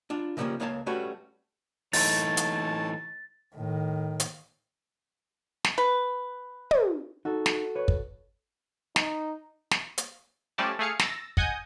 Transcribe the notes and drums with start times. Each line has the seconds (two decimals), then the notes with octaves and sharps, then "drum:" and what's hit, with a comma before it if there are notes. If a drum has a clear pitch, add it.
0.10 D4 F4
0.37 C#3 E3 F3 G3 A#3 C#4
0.60 C#2 A#3 C#5 F5 G#5 A5
0.86 G3 A3 C#4 F#4 B4 C#5
1.93 E3 A3 D#4 C#5 A5 A6, drum: open hi-hat
2.37 drum: hi-hat
3.56 A2 D#3
4.20 drum: hi-hat
5.64 drum: snare
5.78 B4
6.71 drum: tom
7.25 D#4 F#4 A4
7.46 drum: snare
7.75 B4 C#5
7.88 drum: kick
8.96 D#4, drum: snare
9.71 drum: snare
9.98 drum: hi-hat
10.58 F3 G3 A3 C#4 D5 A5
10.79 A3 G#4 F5 C#7
10.99 E6 A6 A#6, drum: snare
11.37 D#5 F#5 G#5 D#6 G6, drum: kick